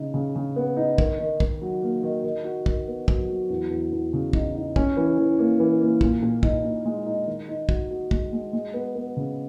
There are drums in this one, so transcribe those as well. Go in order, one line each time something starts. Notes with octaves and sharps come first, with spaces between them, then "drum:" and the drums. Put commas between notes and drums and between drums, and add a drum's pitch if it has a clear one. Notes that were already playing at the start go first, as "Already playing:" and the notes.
Already playing: C#3 D#4
C#3
C#3
B3
D#4
D#3, drum: kick
D#3
D#3, drum: kick
F#3
A#3
D#3
D#3
F#4
D#3, drum: kick
B3
F#3, drum: kick
F#3
E2
E2
E2
C#3
D#4, drum: kick
D#4
C#4, drum: kick
E3
E3
A#3
E3
A#3
A#2, drum: kick
A#2
D#4, drum: kick
A#2
G#3
D#4
D#3
D#4
F#4, drum: kick
F#4
G#3, drum: kick
G#3
G#3
B3
B3
C#3